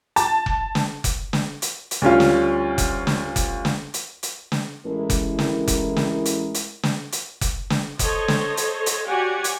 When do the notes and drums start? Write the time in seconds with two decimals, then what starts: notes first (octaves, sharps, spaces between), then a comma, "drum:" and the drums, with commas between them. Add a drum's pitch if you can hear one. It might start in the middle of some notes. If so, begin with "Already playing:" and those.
0.16 A5, drum: hi-hat
0.46 drum: kick F1
0.75 drum: snare
1.04 drum: kick F1, hi-hat
1.33 drum: snare
1.62 drum: hi-hat
1.91 drum: hi-hat
2.02 D2 G3 C#4 F4
2.20 drum: snare
2.78 drum: kick F1, hi-hat
3.07 drum: snare
3.36 drum: kick F1, hi-hat
3.65 drum: snare
3.94 drum: hi-hat
4.23 drum: hi-hat
4.52 drum: snare
4.85 A1 G#3 E4 A#4
5.10 drum: kick F1, hi-hat
5.39 drum: snare
5.68 drum: kick F1, hi-hat
5.96 drum: snare
6.25 drum: hi-hat
6.54 drum: hi-hat
6.83 drum: snare
7.12 drum: hi-hat
7.41 drum: kick F1, hi-hat
7.70 drum: snare
7.99 A4 C5 C#5 D#5, drum: kick F1, hi-hat
8.28 drum: snare
8.57 drum: hi-hat
8.86 drum: hi-hat
9.08 F#4 G4 C#5 D5 F#5 G#5
9.44 drum: hi-hat